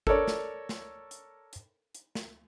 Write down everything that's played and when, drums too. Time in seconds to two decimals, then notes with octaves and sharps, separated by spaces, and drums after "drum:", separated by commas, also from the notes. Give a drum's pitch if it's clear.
0.07 A4 A#4 C#5 D5, drum: kick G1
0.28 drum: snare
0.69 drum: snare
1.11 drum: hi-hat
1.53 drum: hi-hat
1.95 drum: hi-hat
2.15 drum: snare